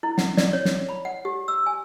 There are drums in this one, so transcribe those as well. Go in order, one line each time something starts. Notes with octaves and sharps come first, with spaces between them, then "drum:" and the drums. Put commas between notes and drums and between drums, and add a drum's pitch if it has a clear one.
E4
F#5, drum: snare
D5, drum: snare
C#5
drum: snare
B5
F#5
G4
E6
G#5